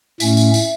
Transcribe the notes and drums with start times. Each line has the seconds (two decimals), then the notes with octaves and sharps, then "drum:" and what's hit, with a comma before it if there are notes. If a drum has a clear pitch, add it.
0.20 A2 A3 C#4 E5, drum: tambourine
0.37 drum: tambourine
0.54 drum: tambourine